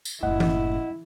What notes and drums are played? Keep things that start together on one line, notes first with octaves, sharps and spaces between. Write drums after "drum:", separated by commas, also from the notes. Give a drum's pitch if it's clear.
drum: tambourine
F#1 A2 E4 D#5 F#5
drum: tom E3